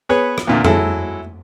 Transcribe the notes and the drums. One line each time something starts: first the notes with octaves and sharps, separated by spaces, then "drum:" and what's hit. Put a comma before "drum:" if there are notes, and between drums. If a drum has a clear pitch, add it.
B3 G#4 B4 C#5
drum: rim click
E2 A#2 D3
F#3 G#3 E4 A4, drum: tom F2